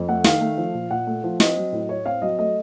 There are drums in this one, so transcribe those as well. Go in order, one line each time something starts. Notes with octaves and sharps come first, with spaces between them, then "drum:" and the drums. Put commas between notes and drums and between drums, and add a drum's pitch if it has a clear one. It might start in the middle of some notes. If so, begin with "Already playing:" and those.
Already playing: F2
A3 F#5
D#3 F5, drum: snare
A3
F3
A#2
A#2 F#5
A3
F3
C4 D#5, drum: snare
F#3
A2
A2 C#5
C4 F5
F#3 D#5
A3 D#5